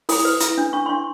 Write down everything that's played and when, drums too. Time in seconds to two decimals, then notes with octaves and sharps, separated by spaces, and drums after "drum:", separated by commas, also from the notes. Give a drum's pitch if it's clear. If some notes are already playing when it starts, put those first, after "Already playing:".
0.09 E4 D#6, drum: open hi-hat
0.25 B4
0.40 E4, drum: hi-hat
0.58 D4
0.73 D4 C#6
0.86 C6
0.89 D4 C#6